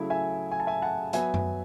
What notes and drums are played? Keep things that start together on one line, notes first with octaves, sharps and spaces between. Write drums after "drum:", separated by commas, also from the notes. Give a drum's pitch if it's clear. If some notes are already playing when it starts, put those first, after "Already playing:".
Already playing: C#3 F#3 A3 E4 G#4
E5 G#5
G#5
A5
E5 G#5
F#5 A5
F#3 B3 F#4 B4 E5 G#5, drum: hi-hat
drum: tom F#2